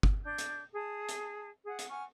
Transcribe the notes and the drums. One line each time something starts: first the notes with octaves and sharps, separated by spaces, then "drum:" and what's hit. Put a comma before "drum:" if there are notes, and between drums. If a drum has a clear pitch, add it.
drum: kick G1
D4 G6
drum: hi-hat
G#4 A5
drum: hi-hat
G#4 F#5
drum: hi-hat
F#5 G#5 C#6 F6